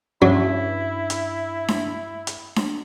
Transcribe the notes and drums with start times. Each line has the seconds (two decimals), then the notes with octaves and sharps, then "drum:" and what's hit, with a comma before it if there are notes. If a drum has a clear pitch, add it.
0.22 G2 F#3 C#4 E4
1.10 drum: hi-hat
1.68 drum: snare D4
2.27 drum: hi-hat
2.56 drum: snare D4